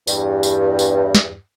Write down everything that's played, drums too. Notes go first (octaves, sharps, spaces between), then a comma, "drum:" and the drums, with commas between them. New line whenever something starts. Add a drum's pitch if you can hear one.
E2 G2, drum: tambourine
drum: tambourine
drum: tambourine
drum: snare